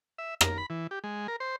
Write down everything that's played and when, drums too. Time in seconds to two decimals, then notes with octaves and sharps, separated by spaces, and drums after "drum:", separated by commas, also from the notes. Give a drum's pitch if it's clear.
0.18 E5
0.41 A#4, drum: rim click
0.58 B5
0.70 E3
0.91 G4
1.04 G#3
1.28 A#4
1.40 C5